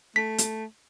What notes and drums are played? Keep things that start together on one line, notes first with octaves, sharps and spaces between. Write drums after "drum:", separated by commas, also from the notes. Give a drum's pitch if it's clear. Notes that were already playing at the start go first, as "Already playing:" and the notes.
A3 B6
drum: hi-hat